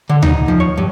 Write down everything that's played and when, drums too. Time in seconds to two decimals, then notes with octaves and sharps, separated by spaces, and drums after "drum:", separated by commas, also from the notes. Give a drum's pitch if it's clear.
0.09 D3
0.22 D#4, drum: tom D2
0.48 F3
0.60 C#5
0.78 G2